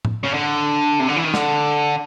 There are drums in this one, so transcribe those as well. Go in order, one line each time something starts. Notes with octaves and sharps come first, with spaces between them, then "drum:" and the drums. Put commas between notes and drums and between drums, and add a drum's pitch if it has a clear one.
drum: tom A2
C#3
D3
C3
D3
E3
D#3
D3, drum: snare